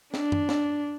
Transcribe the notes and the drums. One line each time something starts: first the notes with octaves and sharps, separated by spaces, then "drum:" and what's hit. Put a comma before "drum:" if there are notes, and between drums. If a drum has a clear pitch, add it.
D4, drum: snare
drum: tom F#2
drum: snare